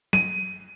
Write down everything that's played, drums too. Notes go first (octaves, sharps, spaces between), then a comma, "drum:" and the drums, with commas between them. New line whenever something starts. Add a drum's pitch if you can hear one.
D#7, drum: tom